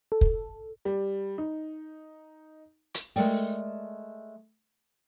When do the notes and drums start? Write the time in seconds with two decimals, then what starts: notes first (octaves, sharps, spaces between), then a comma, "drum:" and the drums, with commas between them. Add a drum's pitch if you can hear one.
0.12 A4
0.21 drum: kick
0.85 G3
1.38 D#4
2.94 drum: hi-hat
3.16 G#3 A3 A#4 D5 G5, drum: open hi-hat